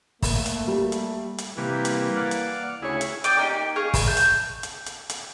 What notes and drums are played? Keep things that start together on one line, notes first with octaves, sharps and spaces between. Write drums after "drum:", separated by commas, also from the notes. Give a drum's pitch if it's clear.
A3 A#3, drum: kick, open hi-hat
drum: hi-hat
G3
drum: hi-hat
drum: hi-hat
C3 E3 G3 A#3
drum: hi-hat
D5 F5 F#5
drum: hi-hat
D2 C#3 E4 G#4 C#5
drum: hi-hat
D5 G5 D6 D#6, drum: hi-hat
A#3 D#4 F4 G4
G#4 F5 C#6
drum: kick, open hi-hat
A5 G6
drum: hi-hat
drum: hi-hat
drum: hi-hat
drum: hi-hat